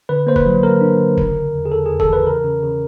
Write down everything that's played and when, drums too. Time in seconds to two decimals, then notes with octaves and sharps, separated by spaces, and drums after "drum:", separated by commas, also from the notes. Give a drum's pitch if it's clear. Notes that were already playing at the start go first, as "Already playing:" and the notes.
0.09 D3 B4
0.27 A#3 C5
0.36 B4, drum: kick
0.46 F#3
0.63 A#3 A#4
0.81 D4
1.00 D3
1.18 C#3, drum: kick
1.36 C#3
1.54 E2
1.66 G#4
1.72 E2 A4
1.86 G#4
1.91 E2
2.00 A4, drum: kick
2.09 E3 B4
2.27 C#3 A#4
2.45 C#3
2.63 C#3